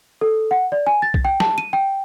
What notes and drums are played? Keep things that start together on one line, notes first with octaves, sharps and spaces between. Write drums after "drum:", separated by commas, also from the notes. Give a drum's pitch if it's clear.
A4
F#5
D5
G#5
A6
drum: kick B1
G5
A5, drum: snare
D#7
G5